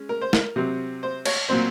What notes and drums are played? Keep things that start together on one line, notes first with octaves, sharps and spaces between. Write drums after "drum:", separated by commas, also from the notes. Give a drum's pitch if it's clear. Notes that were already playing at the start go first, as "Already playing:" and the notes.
Already playing: G#3 C#4
A#4
C5
A#4, drum: snare
C3 F#3 C4
C5
C#5, drum: cymbal
A#2 F#3 C4 C5